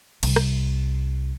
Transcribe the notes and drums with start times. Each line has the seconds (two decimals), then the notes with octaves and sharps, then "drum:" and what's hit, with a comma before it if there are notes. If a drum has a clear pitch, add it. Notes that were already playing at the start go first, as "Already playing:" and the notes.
0.23 C2, drum: cymbal
0.36 drum: rim click